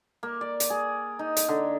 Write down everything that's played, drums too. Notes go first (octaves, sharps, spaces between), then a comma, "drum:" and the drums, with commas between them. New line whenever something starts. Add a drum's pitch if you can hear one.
A#3
D5
drum: hi-hat
G#4
D#4
drum: hi-hat
D3